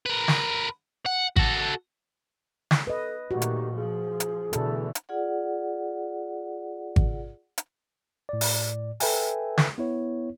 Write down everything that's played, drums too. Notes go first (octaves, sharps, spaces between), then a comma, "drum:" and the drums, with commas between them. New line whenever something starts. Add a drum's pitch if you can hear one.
A#4 B4
drum: snare
F#5
F#4 A4, drum: kick G#1
drum: snare
A4 B4 D#5
A#2 D#3 A3 F#4 G4
drum: hi-hat
F3 G#4
drum: hi-hat
B2 D3 E3 A3 A4, drum: hi-hat
drum: hi-hat
F4 G#4 D5 F#5
drum: kick G#1
drum: hi-hat
A2 D5
drum: open hi-hat
A4 B4 E5 G5 G#5, drum: open hi-hat
drum: snare
B3 E4 C#5